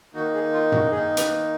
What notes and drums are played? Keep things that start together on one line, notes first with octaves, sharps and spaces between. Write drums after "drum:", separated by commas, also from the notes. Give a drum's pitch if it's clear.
D#3 A#3 D#4 F#4
G#4
F4
F#4, drum: tom
D#3 A#3 D#4 G#4
B4, drum: hi-hat